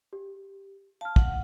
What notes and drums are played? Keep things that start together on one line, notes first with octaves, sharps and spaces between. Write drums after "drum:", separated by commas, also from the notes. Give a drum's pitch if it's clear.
G4
F5 A5 F6
F#5, drum: kick